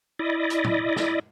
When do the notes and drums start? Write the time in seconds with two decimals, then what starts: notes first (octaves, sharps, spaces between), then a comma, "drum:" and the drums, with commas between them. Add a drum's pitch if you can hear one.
0.19 E4 D5 D#5
0.50 drum: hi-hat
0.64 drum: tom
0.96 drum: snare